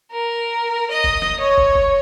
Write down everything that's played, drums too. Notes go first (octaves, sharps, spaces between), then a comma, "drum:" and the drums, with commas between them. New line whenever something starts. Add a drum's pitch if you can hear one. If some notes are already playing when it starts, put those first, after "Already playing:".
A#4
D#5
drum: kick
drum: snare
C#5
drum: kick
drum: kick